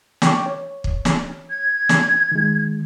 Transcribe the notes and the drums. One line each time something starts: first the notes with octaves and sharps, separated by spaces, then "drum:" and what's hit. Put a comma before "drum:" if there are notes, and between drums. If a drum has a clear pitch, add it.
G5 C#6 D6, drum: snare
C#5
drum: kick
drum: snare
G#6
drum: snare
D#3 G#3